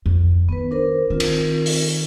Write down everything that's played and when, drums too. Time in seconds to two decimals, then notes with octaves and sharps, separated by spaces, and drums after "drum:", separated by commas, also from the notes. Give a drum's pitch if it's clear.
0.06 F2
0.49 D#3 B3 B4
0.71 D4 A#4 C5
1.10 D#3 C4 F4 A#4
1.20 drum: cymbal
1.66 drum: open hi-hat